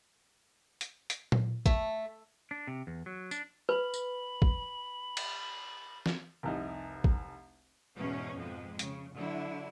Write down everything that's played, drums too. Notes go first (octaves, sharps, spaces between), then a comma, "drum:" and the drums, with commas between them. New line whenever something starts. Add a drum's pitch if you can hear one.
drum: hi-hat
drum: hi-hat
drum: tom A#2
A3, drum: kick
D4
C3
E2
F#3
D4, drum: tambourine
B4 B5
drum: tambourine
drum: kick
drum: cymbal
drum: snare
F1 C2 D#4
drum: kick
E2 G#2 B2 C#4
F2 G#2 G#3
C#3, drum: hi-hat
D3 F#3 E4